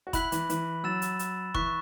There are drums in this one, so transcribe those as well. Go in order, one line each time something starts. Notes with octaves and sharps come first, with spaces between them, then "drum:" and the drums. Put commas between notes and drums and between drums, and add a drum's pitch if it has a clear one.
F#4
E4 B5 F#6 B6 F#7, drum: kick F1, hi-hat
E3, drum: hi-hat
E3, drum: hi-hat
F#3 E6 A6 E7
drum: hi-hat
drum: hi-hat
E3 C#6 F#6 B6, drum: kick F1